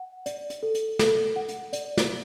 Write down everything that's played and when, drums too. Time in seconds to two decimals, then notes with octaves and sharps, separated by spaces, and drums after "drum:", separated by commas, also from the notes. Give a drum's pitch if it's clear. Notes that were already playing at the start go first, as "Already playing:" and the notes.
Already playing: F#5
0.26 D5, drum: hi-hat
0.50 drum: hi-hat
0.63 A4
0.75 drum: hi-hat
0.99 A4, drum: snare
1.36 F#5
1.48 drum: hi-hat
1.73 D5, drum: hi-hat
1.97 drum: snare